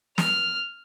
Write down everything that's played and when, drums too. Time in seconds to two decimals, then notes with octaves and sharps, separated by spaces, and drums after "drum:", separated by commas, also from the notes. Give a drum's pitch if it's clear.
0.18 F6, drum: snare